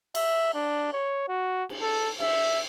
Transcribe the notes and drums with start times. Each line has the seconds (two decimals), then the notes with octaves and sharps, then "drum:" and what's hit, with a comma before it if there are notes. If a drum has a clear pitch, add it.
0.15 E5, drum: cymbal
0.54 D4
0.92 C#5
1.28 F#4
1.69 drum: cymbal
1.81 A4
2.19 E5, drum: cymbal